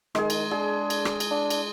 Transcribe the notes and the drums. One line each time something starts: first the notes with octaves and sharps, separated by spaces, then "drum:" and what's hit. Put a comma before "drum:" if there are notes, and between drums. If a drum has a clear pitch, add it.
D#3 G#3 G#4, drum: rim click
drum: cymbal
D4 G#4
drum: cymbal
drum: rim click
drum: cymbal
D4
drum: cymbal